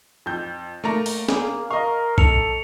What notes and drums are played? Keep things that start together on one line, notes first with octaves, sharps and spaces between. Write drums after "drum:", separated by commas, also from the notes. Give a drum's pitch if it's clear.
F2 G6
A3 A#3 A#5
drum: open hi-hat
A#3 G#4, drum: snare
A#4 D#5 F5 C#6
A4 C#7 F7, drum: kick B1